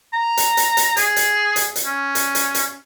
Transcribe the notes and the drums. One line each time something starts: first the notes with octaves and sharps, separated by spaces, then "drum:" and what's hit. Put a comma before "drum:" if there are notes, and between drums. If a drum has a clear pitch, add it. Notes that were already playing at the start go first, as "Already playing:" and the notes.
A#5
drum: hi-hat
drum: hi-hat
drum: hi-hat
G#4, drum: hi-hat
drum: hi-hat
drum: hi-hat
drum: hi-hat
C#4
drum: hi-hat
drum: hi-hat
drum: hi-hat